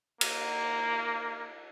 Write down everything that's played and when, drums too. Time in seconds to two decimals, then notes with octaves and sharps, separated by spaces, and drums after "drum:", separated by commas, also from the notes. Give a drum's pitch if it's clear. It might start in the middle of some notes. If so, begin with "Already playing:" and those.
0.21 A#3, drum: cymbal